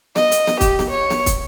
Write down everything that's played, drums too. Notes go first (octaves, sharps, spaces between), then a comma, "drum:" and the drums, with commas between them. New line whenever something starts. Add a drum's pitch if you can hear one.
D#5, drum: snare
drum: hi-hat
drum: snare
G4, drum: kick, hi-hat
drum: snare
C#5
drum: snare
drum: kick, hi-hat